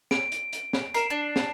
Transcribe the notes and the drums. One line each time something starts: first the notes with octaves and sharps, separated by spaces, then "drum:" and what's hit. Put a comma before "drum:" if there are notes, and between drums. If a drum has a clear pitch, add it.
D7, drum: snare
drum: hi-hat
drum: hi-hat
drum: snare
A#4 C7 E7, drum: hi-hat
D4
drum: snare